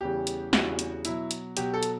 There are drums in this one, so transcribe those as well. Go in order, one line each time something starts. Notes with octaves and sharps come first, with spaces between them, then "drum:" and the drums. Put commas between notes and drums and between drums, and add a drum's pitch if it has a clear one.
E2 C#3 E3 G3 G4
drum: hi-hat
E2 C#3 E3 G3 F#4, drum: snare
drum: hi-hat
B2 F#3 E4, drum: hi-hat
drum: hi-hat
B2 F#3 G4, drum: hi-hat
A4
drum: hi-hat